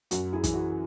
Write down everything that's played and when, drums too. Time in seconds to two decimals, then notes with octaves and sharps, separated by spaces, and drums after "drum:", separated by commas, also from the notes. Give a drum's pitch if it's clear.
0.11 F#2 F#4, drum: hi-hat
0.32 E4 G#4
0.44 E3, drum: kick, hi-hat
0.54 F#4